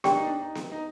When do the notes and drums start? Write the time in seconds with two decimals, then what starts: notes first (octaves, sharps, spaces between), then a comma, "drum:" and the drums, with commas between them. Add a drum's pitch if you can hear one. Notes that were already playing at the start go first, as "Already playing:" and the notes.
0.04 D4 G4 D5 G5, drum: snare B3
0.15 D#4
0.27 D4
0.42 D#4
0.55 drum: snare B3
0.72 D#4